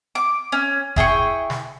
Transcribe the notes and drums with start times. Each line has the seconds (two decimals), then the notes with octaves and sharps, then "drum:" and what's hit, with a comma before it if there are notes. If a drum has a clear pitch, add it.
0.15 D6
0.52 C#4
0.96 E4 G#4 G5 C#6, drum: kick F1
1.50 drum: snare